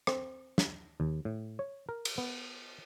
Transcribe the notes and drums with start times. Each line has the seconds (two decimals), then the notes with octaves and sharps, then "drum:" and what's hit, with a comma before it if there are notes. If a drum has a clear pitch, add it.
0.07 C4, drum: rim click
0.58 drum: snare
1.00 D#2
1.25 A2
1.59 C#5
1.89 A#4
2.05 drum: cymbal
2.18 B3